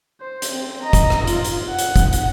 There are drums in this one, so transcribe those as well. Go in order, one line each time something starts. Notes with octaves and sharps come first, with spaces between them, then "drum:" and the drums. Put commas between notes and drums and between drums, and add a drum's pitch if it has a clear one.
C5
drum: hi-hat
C4
D#5 A#5
drum: kick, hi-hat
drum: rim click
F4, drum: hi-hat
drum: hi-hat
F#5
drum: hi-hat
drum: kick, hi-hat
drum: hi-hat